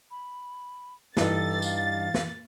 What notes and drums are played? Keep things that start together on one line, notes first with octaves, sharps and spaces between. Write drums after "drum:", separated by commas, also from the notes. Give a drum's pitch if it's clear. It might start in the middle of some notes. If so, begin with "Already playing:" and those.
B5
G2 E3 D#4 A4 A6, drum: snare
F5, drum: tambourine
drum: snare